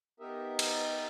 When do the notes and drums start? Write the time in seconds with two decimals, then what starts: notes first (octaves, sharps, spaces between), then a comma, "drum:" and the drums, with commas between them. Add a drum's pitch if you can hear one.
0.20 B3 D#4 G4 A#4 D#5 E5
0.59 drum: cymbal